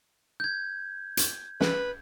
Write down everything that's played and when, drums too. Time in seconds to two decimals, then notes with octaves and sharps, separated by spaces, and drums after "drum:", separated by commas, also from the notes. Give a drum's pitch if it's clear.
0.40 G6 G#6
1.17 drum: hi-hat
1.61 B4, drum: snare